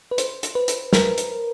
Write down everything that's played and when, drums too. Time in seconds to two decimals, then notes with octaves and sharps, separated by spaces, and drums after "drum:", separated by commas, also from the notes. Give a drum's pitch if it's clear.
0.11 B4
0.18 C5, drum: hi-hat
0.43 drum: hi-hat
0.55 B4
0.68 drum: hi-hat
0.93 A#4, drum: snare
1.18 drum: hi-hat